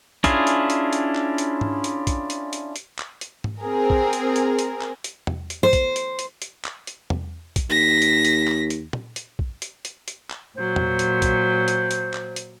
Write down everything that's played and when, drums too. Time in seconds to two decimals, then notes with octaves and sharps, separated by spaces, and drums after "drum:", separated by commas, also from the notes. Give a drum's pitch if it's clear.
0.24 C#4 D4 E4 F4 G#4, drum: kick, hi-hat
0.47 drum: hi-hat
0.70 drum: hi-hat
0.93 drum: hi-hat
1.15 drum: clap
1.38 drum: hi-hat
1.61 drum: tom G#2
1.84 drum: hi-hat
2.07 drum: kick, hi-hat
2.30 drum: hi-hat
2.53 drum: hi-hat
2.76 drum: hi-hat
2.98 drum: clap
3.21 drum: hi-hat
3.44 drum: tom G#2
3.61 C4 G#4 A#4
3.90 drum: kick
4.13 drum: hi-hat
4.36 drum: hi-hat
4.59 drum: hi-hat
4.81 drum: clap
5.04 drum: hi-hat
5.27 drum: tom E2
5.50 drum: hi-hat
5.63 C5
5.73 drum: kick, hi-hat
5.96 drum: hi-hat
6.19 drum: hi-hat
6.42 drum: hi-hat
6.64 drum: clap
6.87 drum: hi-hat
7.10 drum: tom E2
7.56 drum: kick, hi-hat
7.70 D#2 A#6 B6
8.02 drum: hi-hat
8.25 drum: hi-hat
8.48 drum: clap
8.70 drum: hi-hat
8.93 drum: tom
9.16 drum: hi-hat
9.39 drum: kick
9.62 drum: hi-hat
9.85 drum: hi-hat
10.08 drum: hi-hat
10.31 drum: clap
10.57 A#2 F#3 C5
10.76 drum: tom E2
10.99 drum: hi-hat
11.22 drum: kick, hi-hat
11.68 drum: hi-hat
11.91 drum: hi-hat
12.14 drum: clap
12.36 drum: hi-hat